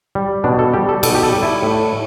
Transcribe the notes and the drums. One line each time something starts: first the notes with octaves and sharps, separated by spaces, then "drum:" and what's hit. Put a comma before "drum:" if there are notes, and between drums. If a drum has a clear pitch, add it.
G3
B2 D4
A4
G3 G4
A4
B2 A4, drum: cymbal
G4
A4
G3
E4
A2